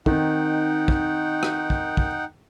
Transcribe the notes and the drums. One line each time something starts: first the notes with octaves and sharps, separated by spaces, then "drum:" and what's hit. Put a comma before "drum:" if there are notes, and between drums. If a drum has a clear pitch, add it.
D#3 C4 D#4 F#5 G5, drum: kick
drum: kick
drum: rim click
drum: kick
drum: kick